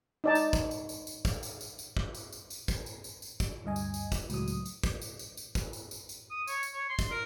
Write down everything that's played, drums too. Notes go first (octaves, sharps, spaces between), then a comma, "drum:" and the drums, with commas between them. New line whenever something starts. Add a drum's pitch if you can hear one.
D#4 D5 A5
drum: tambourine
drum: kick, tambourine
drum: tambourine
drum: tambourine
drum: tambourine
drum: kick, tambourine
drum: tambourine
drum: tambourine
drum: tambourine
drum: kick
drum: tambourine
drum: tambourine
drum: tambourine
drum: kick, tambourine
drum: tambourine
drum: tambourine
drum: tambourine
drum: kick, tambourine
D2 G2 D#5 G#5
drum: tambourine
drum: tambourine
drum: kick, tambourine
C#2 A2 F#3 D#6, drum: tambourine
drum: tambourine
drum: tambourine
drum: kick, tambourine
drum: tambourine
drum: tambourine
drum: tambourine
drum: kick, tambourine
drum: tambourine
drum: tambourine
drum: tambourine
D#6
C#5, drum: tambourine
drum: tambourine
C#5
C6
drum: kick, tambourine
A#4